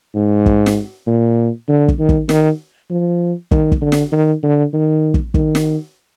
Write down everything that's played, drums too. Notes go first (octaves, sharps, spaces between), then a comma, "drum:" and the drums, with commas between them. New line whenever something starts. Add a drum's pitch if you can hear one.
G#2
drum: kick
drum: snare
A#2
D3
drum: kick
D#3
drum: kick
D#3, drum: snare
F3
D#3, drum: kick
drum: kick
D3
drum: snare
D#3
D3
D#3
drum: kick
D#3, drum: kick
drum: snare